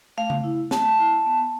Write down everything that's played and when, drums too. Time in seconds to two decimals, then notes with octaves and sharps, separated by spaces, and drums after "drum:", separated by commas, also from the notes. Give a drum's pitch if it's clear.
0.17 A3 F5
0.30 drum: tom C#3
0.44 E4
0.71 A3 A5, drum: snare
0.99 E4
1.26 B3